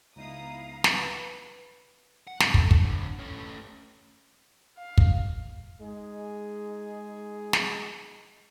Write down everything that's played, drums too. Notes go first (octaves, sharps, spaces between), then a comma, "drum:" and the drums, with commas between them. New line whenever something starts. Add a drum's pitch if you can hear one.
C#2 B3 D#4 E4 F5 A#5 D#6
B4, drum: snare
F#5
G#2 C#3, drum: snare
A3, drum: kick
drum: kick
A2 D3
A3 C#4
F5
drum: kick
G#3 D#4 G#4
drum: snare